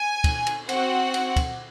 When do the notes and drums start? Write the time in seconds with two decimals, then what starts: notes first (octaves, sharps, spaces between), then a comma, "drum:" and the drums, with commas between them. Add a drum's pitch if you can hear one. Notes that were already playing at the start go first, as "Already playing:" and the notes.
Already playing: G#5
0.24 drum: kick, cymbal
0.47 drum: cymbal
0.69 C4 F#4 F#5, drum: cymbal
1.14 drum: cymbal
1.36 drum: kick, cymbal